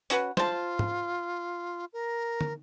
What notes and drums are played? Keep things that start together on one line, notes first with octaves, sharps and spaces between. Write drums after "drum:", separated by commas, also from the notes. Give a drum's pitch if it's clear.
C#4 F#4 B4, drum: hi-hat
F4 C5 A5, drum: snare
drum: tom
A#4
drum: tom